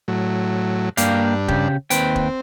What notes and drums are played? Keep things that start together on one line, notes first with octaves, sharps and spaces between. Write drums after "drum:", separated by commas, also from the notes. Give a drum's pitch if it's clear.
A2 F#3
G2 A#3 D4 G4 F5, drum: hi-hat
C#3 G4, drum: kick
D#2 C4 B4 G5, drum: hi-hat
drum: kick